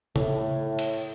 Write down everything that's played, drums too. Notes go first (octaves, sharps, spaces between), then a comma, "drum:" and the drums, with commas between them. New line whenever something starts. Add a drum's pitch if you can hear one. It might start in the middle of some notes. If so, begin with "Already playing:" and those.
A2, drum: tom C#3
drum: cymbal